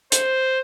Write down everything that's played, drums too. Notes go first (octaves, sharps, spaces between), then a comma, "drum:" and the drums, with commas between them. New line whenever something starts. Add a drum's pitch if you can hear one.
C5, drum: hi-hat